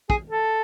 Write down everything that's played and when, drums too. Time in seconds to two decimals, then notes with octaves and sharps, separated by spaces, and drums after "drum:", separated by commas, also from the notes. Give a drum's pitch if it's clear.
0.10 G#4, drum: kick
0.30 A4